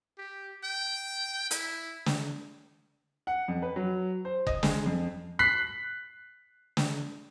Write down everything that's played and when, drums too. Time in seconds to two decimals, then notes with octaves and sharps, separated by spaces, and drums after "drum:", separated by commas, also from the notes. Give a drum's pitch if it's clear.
0.18 G4
0.64 G5
1.51 E4, drum: hi-hat
2.06 drum: snare
3.27 F#5
3.48 F2
3.62 B4
3.76 F#3
4.25 C5
4.47 D#5, drum: kick F#1
4.63 G#3, drum: snare
4.86 F2
5.39 F#6 B6 C7
6.77 drum: snare